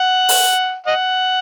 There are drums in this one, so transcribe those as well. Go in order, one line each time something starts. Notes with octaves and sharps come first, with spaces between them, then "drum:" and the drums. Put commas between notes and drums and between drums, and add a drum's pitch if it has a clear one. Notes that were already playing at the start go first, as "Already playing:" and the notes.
Already playing: F#5
drum: open hi-hat
D#5 F#5